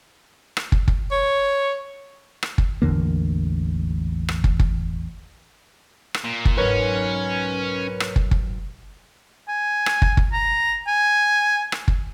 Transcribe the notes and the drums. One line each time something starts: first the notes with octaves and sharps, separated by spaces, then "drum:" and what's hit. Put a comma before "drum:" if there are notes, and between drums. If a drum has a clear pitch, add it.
drum: rim click
drum: kick
drum: kick
C#5
drum: rim click
drum: kick
A1 E2 D3 A#3
drum: rim click
drum: kick
drum: kick
drum: rim click
A#2
drum: kick
B1 G#2 C#4 A#4 B4 C#5
drum: rim click
drum: kick
drum: kick
G#5
drum: rim click
drum: kick
drum: kick
A#5
G#5
drum: rim click
drum: kick